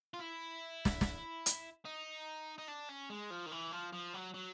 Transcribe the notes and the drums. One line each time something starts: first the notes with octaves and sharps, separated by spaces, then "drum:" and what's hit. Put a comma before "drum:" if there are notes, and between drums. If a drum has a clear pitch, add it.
F4
E4
drum: snare
drum: snare
drum: hi-hat
D#4
D#4
D4
C#4
G#3
F3
D#3
E3
F3
F3
F#3
F#3